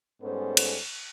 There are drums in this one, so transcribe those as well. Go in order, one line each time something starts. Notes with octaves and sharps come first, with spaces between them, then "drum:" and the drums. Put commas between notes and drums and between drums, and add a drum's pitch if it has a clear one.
G#2 G3 B3 C#4 A4 C5
drum: cymbal